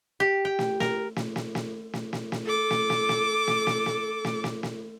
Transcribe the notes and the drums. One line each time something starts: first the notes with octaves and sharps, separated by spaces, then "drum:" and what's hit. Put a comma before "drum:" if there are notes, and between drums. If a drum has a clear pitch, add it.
G4
G5
drum: snare
A#4, drum: snare
drum: snare
drum: snare
drum: snare
drum: snare
drum: snare
drum: snare
A4 D6
drum: snare
drum: snare
drum: snare
drum: snare
drum: snare
drum: snare
drum: snare
drum: snare
drum: snare